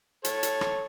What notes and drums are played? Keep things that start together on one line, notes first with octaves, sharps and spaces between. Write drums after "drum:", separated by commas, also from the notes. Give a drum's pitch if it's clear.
A4 C#5, drum: hi-hat
drum: hi-hat
drum: rim click